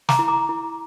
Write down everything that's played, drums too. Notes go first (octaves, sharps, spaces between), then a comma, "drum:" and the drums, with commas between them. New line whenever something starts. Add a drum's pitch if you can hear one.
A#5 D6, drum: snare
E4
A#5 D6
E4